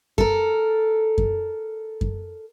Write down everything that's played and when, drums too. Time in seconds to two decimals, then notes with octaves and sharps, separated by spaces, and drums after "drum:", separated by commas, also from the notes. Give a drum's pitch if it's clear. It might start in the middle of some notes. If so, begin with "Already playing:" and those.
0.18 A4 A#4, drum: kick F#2
1.18 drum: kick F#2
2.01 drum: kick F#2